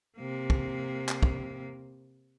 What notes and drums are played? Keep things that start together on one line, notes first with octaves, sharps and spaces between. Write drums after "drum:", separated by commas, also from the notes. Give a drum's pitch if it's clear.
C3 A#3
drum: kick
drum: clap
drum: kick